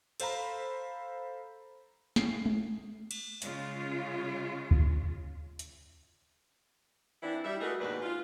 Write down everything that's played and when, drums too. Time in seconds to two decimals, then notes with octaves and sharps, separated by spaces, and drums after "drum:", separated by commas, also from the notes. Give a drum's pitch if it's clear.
0.20 A4 C5 F5 A#5 B5, drum: cymbal
2.16 A2 C#4 C7, drum: snare
2.46 drum: tom G#3
3.11 drum: cymbal
3.42 C#3 G#3 F4, drum: hi-hat
4.71 drum: kick
5.59 drum: hi-hat
7.23 E3 C4 D4 E4
7.44 G3 E5
7.61 A3 F#4 G#4 A#4 B4 D#5
7.80 D#2 G#2 B2 D4 B4
8.02 F4